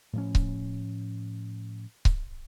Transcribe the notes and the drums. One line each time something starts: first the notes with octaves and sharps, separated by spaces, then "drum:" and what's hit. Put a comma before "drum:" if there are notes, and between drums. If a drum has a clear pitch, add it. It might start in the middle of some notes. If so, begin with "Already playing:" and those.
A2 F3 C#4
drum: kick C#1
drum: kick C#1